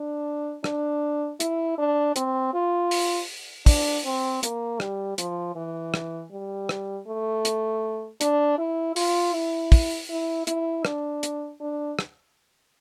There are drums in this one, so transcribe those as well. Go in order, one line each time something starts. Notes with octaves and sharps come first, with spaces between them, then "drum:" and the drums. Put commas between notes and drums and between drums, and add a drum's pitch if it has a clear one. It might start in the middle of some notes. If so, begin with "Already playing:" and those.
Already playing: D4
D4, drum: rim click
E4, drum: hi-hat
D4
C4, drum: hi-hat
F4
drum: open hi-hat
D4, drum: kick, open hi-hat
C4
A#3, drum: hi-hat
G3, drum: rim click
F3, drum: hi-hat
E3
drum: rim click
G3
drum: rim click
A3
drum: hi-hat
D4, drum: hi-hat
E4
F4, drum: open hi-hat
E4
drum: kick, open hi-hat
E4
E4, drum: hi-hat
D4, drum: rim click
drum: hi-hat
D4
drum: rim click